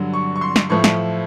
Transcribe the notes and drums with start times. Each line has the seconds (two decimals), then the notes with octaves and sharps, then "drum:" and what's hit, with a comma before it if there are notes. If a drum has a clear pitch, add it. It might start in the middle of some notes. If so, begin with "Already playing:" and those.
Already playing: G2 D3 F#3
0.13 C#6
0.36 C#6
0.41 C6
0.56 drum: snare
0.70 A2 F3 A3 C#6
0.84 drum: snare